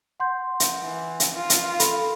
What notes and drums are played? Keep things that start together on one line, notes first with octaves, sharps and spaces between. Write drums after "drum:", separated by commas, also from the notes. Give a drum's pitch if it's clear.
F#5 C6 G6
drum: hi-hat
E3
drum: hi-hat
F4
drum: hi-hat
A4 B5 F7, drum: hi-hat